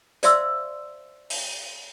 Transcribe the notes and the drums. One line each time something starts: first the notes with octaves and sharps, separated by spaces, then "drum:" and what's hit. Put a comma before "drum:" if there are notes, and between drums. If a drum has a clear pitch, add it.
C5 D5 E5 F5 C6 E6, drum: hi-hat
drum: open hi-hat